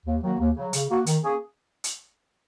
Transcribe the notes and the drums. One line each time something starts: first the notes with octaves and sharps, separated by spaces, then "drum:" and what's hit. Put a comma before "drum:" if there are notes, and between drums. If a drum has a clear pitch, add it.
D#2
D#3 F#3 A#3 F#4
D#2
C#3 F#3
C#3, drum: hi-hat
A#3 F#4
D#3, drum: hi-hat
A#3 C#4 G#4
drum: hi-hat